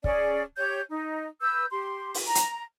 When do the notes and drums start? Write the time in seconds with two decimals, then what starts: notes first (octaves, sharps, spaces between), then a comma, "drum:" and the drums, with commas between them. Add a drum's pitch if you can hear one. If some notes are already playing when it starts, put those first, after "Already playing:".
0.04 C#4 G#4 D5, drum: kick
0.57 G4 C#5 G6
0.90 D#4
1.41 B4 E6 G6
1.71 G4 C6
2.14 drum: open hi-hat
2.26 A#5
2.35 drum: hi-hat